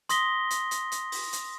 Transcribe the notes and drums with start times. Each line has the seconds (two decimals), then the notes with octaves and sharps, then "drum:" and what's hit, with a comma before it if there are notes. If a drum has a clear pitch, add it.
0.09 C6 D#6 A#6 B6 G7, drum: hi-hat
0.51 drum: hi-hat
0.71 drum: hi-hat
0.92 drum: hi-hat
1.12 drum: open hi-hat
1.33 drum: hi-hat